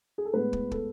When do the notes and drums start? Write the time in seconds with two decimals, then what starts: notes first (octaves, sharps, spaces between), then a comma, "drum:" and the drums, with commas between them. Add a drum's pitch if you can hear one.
0.18 G#4
0.25 A4
0.33 A2 G#3 B3 B4
0.53 drum: kick
0.71 A4, drum: kick